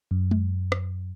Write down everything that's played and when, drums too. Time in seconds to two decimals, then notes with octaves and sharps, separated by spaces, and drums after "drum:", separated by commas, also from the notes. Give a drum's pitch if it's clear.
0.11 F#2
0.31 drum: tom G#3
0.72 drum: rim click